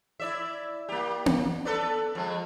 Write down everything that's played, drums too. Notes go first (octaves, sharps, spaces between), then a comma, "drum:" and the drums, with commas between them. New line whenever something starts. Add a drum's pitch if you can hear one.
E4 D5 E5
A#3 G4
drum: tom B3
A4 B4 D5
F2 G#3